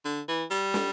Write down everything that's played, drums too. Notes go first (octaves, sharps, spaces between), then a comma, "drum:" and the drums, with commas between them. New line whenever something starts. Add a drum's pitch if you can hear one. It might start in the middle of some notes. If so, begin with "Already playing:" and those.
D3
E3
G3
drum: snare